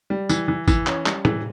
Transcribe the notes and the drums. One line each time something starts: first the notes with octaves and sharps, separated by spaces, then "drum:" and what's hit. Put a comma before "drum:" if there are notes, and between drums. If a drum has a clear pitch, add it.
G3
E3, drum: tambourine
E3
E3, drum: kick G#1, tambourine
C#4, drum: clap
G3, drum: clap
E3, drum: tom